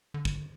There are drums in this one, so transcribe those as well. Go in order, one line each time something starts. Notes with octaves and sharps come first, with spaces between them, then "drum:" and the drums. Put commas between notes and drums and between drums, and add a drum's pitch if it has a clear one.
D3
drum: kick